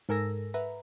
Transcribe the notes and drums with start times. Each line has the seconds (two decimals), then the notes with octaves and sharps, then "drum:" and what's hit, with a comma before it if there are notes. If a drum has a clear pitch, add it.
0.09 G#2 A4 A#4 G#5 E6 A#6
0.54 B4 E5 F#5 A#5, drum: hi-hat